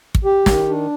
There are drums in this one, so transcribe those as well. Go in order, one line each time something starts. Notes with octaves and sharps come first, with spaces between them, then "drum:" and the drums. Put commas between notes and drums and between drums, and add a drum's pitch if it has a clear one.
drum: kick
G4
D#3, drum: snare
D4